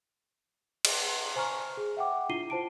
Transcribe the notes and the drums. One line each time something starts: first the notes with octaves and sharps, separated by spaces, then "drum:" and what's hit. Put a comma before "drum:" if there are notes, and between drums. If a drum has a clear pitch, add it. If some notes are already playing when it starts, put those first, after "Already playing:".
drum: cymbal
C5 G#5 A#5 C#6 F6
G#4
E5 F#5 G5 D6
D4 E4 F4 C7 D#7 G7
F4 C5 A5 D7